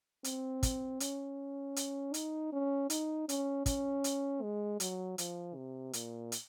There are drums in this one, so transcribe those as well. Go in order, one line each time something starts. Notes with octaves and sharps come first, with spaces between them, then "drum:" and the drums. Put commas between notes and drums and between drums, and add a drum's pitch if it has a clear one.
C4, drum: hi-hat
drum: kick, hi-hat
C#4, drum: hi-hat
drum: hi-hat
D#4, drum: hi-hat
C#4
D#4, drum: hi-hat
C#4, drum: hi-hat
C#4, drum: kick, hi-hat
drum: hi-hat
G#3
F#3, drum: hi-hat
F3, drum: hi-hat
C3
A#2, drum: hi-hat
drum: hi-hat